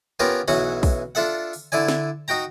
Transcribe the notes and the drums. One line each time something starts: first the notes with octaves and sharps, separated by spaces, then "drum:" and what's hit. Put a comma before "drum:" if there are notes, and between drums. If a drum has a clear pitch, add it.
B3 C#4 F4 G4 A#4 B4
B1 E3 C#4 F#4 F#5, drum: open hi-hat
drum: kick, open hi-hat
D4 F4 A4 E5 F#5
drum: open hi-hat
D3 E4 D5 G#5
drum: snare
D#4 F#4 G5 A#5